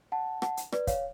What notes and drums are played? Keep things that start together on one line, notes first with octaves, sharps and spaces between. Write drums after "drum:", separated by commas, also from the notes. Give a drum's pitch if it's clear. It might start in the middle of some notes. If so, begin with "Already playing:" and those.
F#5 A5
F#5 A5, drum: rim click
drum: hi-hat
B4 D5, drum: rim click
C#5 F5, drum: kick, hi-hat